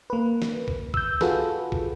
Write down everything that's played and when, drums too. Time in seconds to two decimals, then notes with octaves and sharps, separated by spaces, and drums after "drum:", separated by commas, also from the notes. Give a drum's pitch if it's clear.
0.10 A#3 B4
0.42 drum: snare
0.68 drum: kick B1
0.94 E6 G6, drum: kick B1
1.21 F4 F#4 G#4 A4 B4, drum: snare
1.72 drum: kick B1